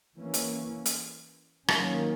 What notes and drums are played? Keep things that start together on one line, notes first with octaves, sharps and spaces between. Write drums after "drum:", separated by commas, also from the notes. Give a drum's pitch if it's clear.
E3 A#3 C#4
drum: hi-hat
drum: hi-hat
D#3 F#3 A#3 C#4, drum: rim click